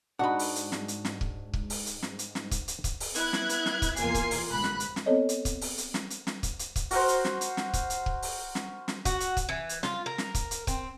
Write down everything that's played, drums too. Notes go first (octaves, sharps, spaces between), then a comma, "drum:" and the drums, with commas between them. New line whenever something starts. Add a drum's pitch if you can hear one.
G#2 D4 D#4 F#4 F#5 B5
drum: open hi-hat
drum: hi-hat
drum: snare
drum: hi-hat
drum: snare
drum: kick C#1
drum: kick C#1
drum: open hi-hat
drum: hi-hat
drum: snare
drum: hi-hat
drum: snare
drum: kick C#1, hi-hat
drum: hi-hat
drum: kick C#1, hi-hat
drum: open hi-hat
B3 E4 F#6 G#6, drum: hi-hat
drum: snare
drum: hi-hat
drum: snare
drum: kick C#1, hi-hat
E2 A#3 F4 G#5 G#6 C7, drum: hi-hat
drum: kick C#1, hi-hat
drum: open hi-hat
G1 G#2 B5 F#6
drum: snare
drum: hi-hat
drum: snare
B3 C4 A4 C#5 D#5
drum: hi-hat
drum: kick C#1, hi-hat
drum: open hi-hat
drum: hi-hat
drum: snare
drum: hi-hat
drum: snare
drum: kick C#1, hi-hat
drum: hi-hat
drum: kick C#1, hi-hat
F#4 A#4 C5, drum: open hi-hat
drum: hi-hat
drum: snare
drum: hi-hat
drum: snare
drum: kick C#1, hi-hat
drum: hi-hat
drum: kick C#1
drum: open hi-hat
drum: snare
drum: snare
F#4, drum: kick C#1, hi-hat
drum: hi-hat
drum: kick C#1, hi-hat
E3
drum: hi-hat
F4, drum: snare
A#4
drum: snare
drum: kick C#1, hi-hat
drum: hi-hat
C4, drum: kick C#1, hi-hat